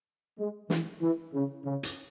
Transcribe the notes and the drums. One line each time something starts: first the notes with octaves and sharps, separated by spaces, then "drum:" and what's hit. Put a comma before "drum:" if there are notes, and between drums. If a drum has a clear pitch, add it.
G#3
E3, drum: snare
E3
C#3
C#3
drum: hi-hat